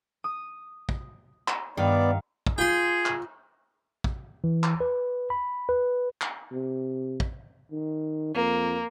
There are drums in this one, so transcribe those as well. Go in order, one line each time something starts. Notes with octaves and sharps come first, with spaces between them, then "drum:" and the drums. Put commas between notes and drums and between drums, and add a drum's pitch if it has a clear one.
D#6
drum: kick
drum: clap
G2 D#3 B3 D5 F5
drum: kick
F4 G#4 G5 C6
drum: clap
drum: kick
E3
drum: clap
B4
B5
B4
drum: clap
C3
drum: kick
D#3
F2 A#3